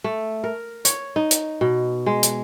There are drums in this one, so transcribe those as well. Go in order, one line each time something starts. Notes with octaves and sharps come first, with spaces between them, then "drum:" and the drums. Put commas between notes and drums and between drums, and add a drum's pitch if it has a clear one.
A3
A#4
C#5, drum: hi-hat
D#4
drum: hi-hat
B2
G#3
drum: hi-hat